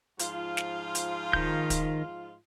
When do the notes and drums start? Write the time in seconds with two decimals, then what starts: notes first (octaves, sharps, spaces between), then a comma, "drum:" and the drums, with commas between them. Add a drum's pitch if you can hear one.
0.19 G#2 F3 F4, drum: hi-hat
0.57 drum: snare
0.95 drum: hi-hat
1.33 D#3 G6, drum: kick
1.70 drum: kick, hi-hat